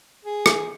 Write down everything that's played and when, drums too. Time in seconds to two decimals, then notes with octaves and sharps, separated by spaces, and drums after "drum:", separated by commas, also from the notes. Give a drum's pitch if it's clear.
0.25 G#4
0.46 drum: rim click